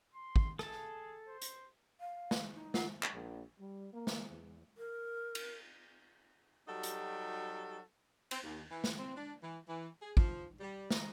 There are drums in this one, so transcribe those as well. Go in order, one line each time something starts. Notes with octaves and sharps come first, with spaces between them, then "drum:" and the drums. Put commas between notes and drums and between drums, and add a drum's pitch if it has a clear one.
C6
drum: kick
G#4 A4 A5, drum: rim click
C5
drum: hi-hat
F5
drum: snare
D#4
F4 A#4 F#5, drum: snare
drum: clap
A#1
G3
A#3
drum: snare
E2
A#4
drum: cymbal
F#3 G3 D#4 F#4 G4 A4
drum: hi-hat
C4, drum: cymbal
D#2
E3
drum: snare
C4
D4
E3
E3
G#4
F3, drum: kick
G3
D#4, drum: snare